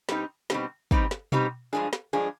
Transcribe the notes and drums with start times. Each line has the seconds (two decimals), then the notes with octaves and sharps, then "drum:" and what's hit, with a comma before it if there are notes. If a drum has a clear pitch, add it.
0.09 B2 G3 C4 D#4 G4, drum: snare
0.50 B2 G3 C4 D#4 G4, drum: snare
0.91 B2 G3 C4 D#4 G4, drum: kick
1.11 drum: snare
1.32 B2 G3 C4 D#4 G4, drum: tom B2
1.73 G2 F3 G#3 D4 G#4
1.93 drum: snare
2.13 G2 F3 G#3 D4 G#4